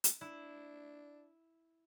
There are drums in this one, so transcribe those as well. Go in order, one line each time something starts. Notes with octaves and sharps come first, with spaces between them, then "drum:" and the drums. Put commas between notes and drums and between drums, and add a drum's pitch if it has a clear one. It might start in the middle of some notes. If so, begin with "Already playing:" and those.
drum: hi-hat
D4 E4